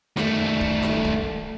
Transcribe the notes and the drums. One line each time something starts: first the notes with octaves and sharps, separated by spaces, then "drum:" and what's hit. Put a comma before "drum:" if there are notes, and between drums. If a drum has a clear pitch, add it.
D#3 A3, drum: snare
drum: kick C#1
drum: snare
drum: kick C#1